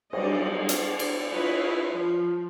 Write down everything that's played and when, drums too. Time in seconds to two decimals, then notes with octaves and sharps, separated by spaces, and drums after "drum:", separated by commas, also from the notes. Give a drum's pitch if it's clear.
0.13 F#3 G3 D5 D#5, drum: cymbal
0.69 D5, drum: hi-hat
0.99 drum: cymbal
1.30 E4 F4 B4 C#5 D#5
1.92 F3